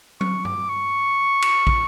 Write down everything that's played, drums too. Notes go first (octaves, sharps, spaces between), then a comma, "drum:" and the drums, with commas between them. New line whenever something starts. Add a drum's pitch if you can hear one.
C#6, drum: tom F#3
D6, drum: tom G2
C#6
drum: cymbal
drum: kick